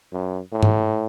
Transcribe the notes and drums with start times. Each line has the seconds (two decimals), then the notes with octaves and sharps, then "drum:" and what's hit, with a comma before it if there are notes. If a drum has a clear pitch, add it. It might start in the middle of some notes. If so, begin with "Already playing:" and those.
0.12 F#2
0.52 A2
0.63 drum: tom G#2